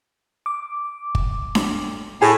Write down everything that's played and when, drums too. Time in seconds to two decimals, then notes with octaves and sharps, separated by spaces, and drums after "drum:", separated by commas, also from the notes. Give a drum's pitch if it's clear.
0.46 D6
1.15 drum: kick
1.55 drum: snare D4
2.22 A2 G#4 G#5